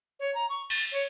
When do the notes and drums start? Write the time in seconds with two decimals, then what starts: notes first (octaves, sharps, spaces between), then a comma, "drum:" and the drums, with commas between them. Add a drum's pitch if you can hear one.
0.20 C#5
0.35 A#5
0.49 C#6
0.70 A6, drum: cymbal
0.92 C#5